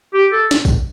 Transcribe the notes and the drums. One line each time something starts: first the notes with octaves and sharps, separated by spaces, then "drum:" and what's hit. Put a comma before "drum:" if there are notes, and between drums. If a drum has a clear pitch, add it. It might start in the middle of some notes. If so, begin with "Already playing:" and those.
G4
A4
drum: snare
drum: kick, tambourine